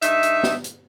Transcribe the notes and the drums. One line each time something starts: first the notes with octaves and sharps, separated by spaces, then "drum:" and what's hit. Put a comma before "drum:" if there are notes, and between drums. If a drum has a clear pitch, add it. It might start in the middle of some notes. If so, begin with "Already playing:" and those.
G2 D#4 E5, drum: hi-hat
drum: hi-hat
drum: snare
drum: hi-hat